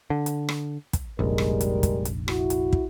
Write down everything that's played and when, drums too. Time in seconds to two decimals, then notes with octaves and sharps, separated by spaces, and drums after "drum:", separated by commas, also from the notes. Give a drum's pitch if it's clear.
0.10 D3
0.26 drum: hi-hat
0.49 drum: rim click
0.93 drum: kick, hi-hat
1.19 F1 A#1 G3 G#3 A#4
1.38 drum: rim click
1.61 drum: hi-hat
1.83 drum: kick, hi-hat
2.05 drum: hi-hat
2.28 E4 F#4, drum: rim click
2.50 drum: hi-hat
2.73 drum: kick